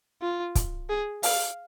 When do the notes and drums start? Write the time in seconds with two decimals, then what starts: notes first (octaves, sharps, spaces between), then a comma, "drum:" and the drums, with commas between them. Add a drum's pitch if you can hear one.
0.22 F4
0.55 drum: kick, hi-hat
0.89 G#4
1.23 F5, drum: open hi-hat